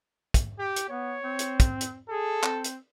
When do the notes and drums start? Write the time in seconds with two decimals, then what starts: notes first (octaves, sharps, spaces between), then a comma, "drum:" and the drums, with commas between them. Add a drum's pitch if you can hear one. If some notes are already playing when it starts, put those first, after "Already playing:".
0.34 drum: kick, hi-hat
0.59 G4
0.76 drum: hi-hat
0.89 B3 C#5
1.23 C4
1.39 drum: hi-hat
1.60 drum: kick, hi-hat
1.81 drum: hi-hat
2.09 G#4 A4
2.43 C4, drum: clap
2.64 drum: hi-hat